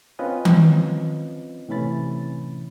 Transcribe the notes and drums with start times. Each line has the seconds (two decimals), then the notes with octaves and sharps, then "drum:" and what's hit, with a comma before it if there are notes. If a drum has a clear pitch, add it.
0.19 C4 C#4 F4 B4 D#5
0.45 drum: tom D#3
1.69 A2 C3 E3 C#4 B5 A6